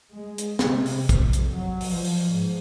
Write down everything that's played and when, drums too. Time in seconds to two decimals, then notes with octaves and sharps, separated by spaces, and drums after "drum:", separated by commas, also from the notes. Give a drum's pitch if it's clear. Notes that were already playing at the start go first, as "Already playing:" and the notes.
0.11 G#3
0.38 drum: hi-hat
0.59 C3, drum: snare
0.86 drum: open hi-hat
1.09 F2, drum: kick, hi-hat
1.33 drum: hi-hat
1.49 F#3
1.80 drum: open hi-hat
1.91 F3
2.04 drum: open hi-hat
2.28 G#2